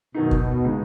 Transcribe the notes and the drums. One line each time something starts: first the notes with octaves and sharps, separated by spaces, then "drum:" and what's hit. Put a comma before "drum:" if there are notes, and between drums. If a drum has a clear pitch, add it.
F#2 B2 D#3 F#3 B3 D#4
drum: kick
C#3 G#3 D#4